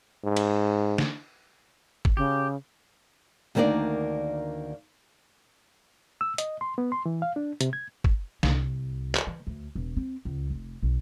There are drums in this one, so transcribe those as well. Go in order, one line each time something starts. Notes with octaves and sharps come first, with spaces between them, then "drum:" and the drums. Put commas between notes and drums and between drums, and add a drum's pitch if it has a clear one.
G#2
drum: cymbal
drum: snare
drum: kick
C#3 G4
D2 D#3 A#3 C4 D4 D5
E6
D#5, drum: hi-hat
C6
B3
C6
E3
F5
D4
C3, drum: hi-hat
G#6
drum: kick
C2, drum: snare
drum: clap
E3
D2
E1
C4
C#2
F1
B1